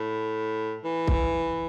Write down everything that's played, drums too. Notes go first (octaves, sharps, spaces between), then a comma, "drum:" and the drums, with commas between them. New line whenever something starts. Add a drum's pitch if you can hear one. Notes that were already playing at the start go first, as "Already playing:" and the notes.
Already playing: A2
E3
drum: kick